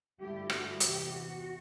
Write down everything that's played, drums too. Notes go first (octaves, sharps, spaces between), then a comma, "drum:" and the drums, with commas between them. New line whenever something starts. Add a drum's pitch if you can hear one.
G2 D3 A3 E4 G4
F#4, drum: rim click
E2 C3 E3 G4, drum: hi-hat
F#4